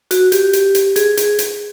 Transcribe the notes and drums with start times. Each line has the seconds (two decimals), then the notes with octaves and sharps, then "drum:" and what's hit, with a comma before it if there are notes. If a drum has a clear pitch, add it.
0.11 F#4, drum: hi-hat
0.32 G4, drum: hi-hat
0.53 drum: hi-hat
0.75 drum: hi-hat
0.96 G#4, drum: hi-hat
1.17 G#4, drum: hi-hat
1.39 drum: hi-hat